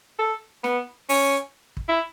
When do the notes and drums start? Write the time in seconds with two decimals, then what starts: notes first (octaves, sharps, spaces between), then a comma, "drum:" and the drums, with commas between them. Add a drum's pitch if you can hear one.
0.19 A4
0.64 B3, drum: snare
1.09 C#4, drum: open hi-hat
1.77 drum: kick
1.89 E4